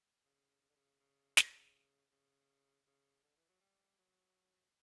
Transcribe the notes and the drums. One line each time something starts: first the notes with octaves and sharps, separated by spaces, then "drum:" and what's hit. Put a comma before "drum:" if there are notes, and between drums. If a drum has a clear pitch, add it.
C#3
C#3
D3
C#3
C#3
C#3, drum: snare
C#3
C#3
D3
E3
F#3
G3
F#3